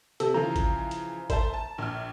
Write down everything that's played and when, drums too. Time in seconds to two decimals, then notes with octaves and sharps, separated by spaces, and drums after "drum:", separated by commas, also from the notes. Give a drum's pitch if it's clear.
0.20 C3 A4, drum: hi-hat
0.34 C#3 E3 F3 A#5
0.56 drum: kick G#1, hi-hat
0.91 drum: hi-hat
1.30 C5 E5 A5, drum: kick G#1, hi-hat
1.54 A5
1.78 A#1 F6